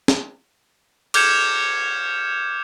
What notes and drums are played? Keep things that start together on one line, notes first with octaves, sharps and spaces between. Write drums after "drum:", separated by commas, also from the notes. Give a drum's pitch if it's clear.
drum: snare
D6 F6 G6 G#6 C#7 E7, drum: cymbal